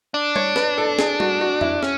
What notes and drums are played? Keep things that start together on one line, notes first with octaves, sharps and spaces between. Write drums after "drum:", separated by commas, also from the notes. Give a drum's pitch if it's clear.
D4
C#5, drum: tom G3
B4, drum: snare
A4
G#4, drum: snare
F#4, drum: tom G3
F#4
E4, drum: tom
C#4, drum: snare